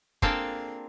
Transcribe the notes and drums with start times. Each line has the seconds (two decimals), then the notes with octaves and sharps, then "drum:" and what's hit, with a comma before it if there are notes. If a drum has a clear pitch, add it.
0.22 A#3 C4 D4 F4 G#4 A4, drum: kick